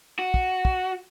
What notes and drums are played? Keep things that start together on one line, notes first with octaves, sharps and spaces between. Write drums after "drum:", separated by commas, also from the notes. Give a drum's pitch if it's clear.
F#4
drum: kick
drum: kick